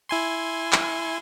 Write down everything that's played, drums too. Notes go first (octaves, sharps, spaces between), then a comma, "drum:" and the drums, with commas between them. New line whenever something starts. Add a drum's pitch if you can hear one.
E4 G#5 C6
drum: clap